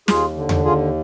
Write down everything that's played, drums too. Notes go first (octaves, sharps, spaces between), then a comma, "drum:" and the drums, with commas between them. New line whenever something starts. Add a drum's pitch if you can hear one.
D#2 F4 G#4, drum: snare
D3
drum: tom E2
D#2 F4 G#4